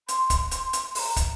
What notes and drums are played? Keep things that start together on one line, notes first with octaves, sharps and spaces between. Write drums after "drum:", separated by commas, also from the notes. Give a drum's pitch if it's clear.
C6, drum: hi-hat
drum: kick, hi-hat
C6, drum: hi-hat
drum: hi-hat
C6, drum: open hi-hat
A#5
drum: kick, hi-hat